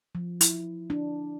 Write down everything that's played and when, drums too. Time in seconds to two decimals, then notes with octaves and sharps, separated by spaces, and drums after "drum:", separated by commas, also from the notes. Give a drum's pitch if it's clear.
0.15 F3
0.41 E4, drum: hi-hat
0.90 D4